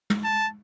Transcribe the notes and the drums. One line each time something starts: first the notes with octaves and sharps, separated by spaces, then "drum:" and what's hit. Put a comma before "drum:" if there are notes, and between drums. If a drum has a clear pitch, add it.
drum: tom
A5